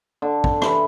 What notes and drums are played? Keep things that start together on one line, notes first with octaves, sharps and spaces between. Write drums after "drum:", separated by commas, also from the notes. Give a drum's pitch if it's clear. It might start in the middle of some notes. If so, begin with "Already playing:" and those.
D3
drum: kick
E3, drum: rim click